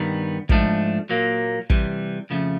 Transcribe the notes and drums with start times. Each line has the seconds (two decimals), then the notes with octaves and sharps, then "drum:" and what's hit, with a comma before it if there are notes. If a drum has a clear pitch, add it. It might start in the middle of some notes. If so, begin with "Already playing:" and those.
Already playing: G2 D#3 G3 B3
0.49 G#2 F3 A3 D4, drum: kick
1.09 A#2 F#3 A#3
1.70 C3 E3 G3, drum: kick
2.30 F2 C#3 F3 A3